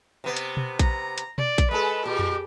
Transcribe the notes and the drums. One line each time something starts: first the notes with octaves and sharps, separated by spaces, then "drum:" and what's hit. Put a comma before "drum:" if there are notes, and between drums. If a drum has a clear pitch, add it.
C3 B3
drum: hi-hat
drum: tom B2
A#5, drum: kick A#1, hi-hat
drum: hi-hat
D5, drum: tom B2
drum: kick A#1, hi-hat
G#3 A4 B4
A#2 G4
drum: tom F2